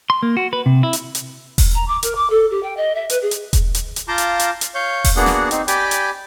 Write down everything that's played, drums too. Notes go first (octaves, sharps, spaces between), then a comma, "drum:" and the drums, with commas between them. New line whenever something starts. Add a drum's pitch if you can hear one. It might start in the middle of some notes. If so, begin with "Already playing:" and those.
C6
A#3
F#4
B4
C3
E4
drum: hi-hat
drum: hi-hat
drum: kick E1, open hi-hat
A#5
D6
A#4, drum: hi-hat
D6
A4
G4
G5
D#5
E5
B4, drum: hi-hat
G#4
drum: hi-hat
drum: kick E1, hi-hat
drum: hi-hat
drum: hi-hat
F4 F5 A5 A#5 D6 G6
drum: hi-hat
drum: hi-hat
drum: hi-hat
C#5 F5 G6
drum: kick E1, open hi-hat
A#3 B3 D4 F#4 G#4 F#5
drum: snare
C4 D#4, drum: hi-hat
G4 D5 G5 G#5 B5 D6, drum: hi-hat
drum: hi-hat